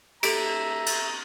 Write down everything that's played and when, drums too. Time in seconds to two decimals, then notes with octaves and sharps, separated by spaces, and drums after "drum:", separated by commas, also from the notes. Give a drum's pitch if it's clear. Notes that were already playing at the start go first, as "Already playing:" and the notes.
0.23 G4 A4 E5 A#5 C#7 D7, drum: cymbal
0.86 drum: cymbal